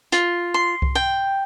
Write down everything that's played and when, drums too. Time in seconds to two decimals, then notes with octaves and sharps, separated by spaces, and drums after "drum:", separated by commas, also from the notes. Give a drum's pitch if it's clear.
0.12 F4, drum: hi-hat
0.54 C6
0.82 drum: kick C2
0.95 G5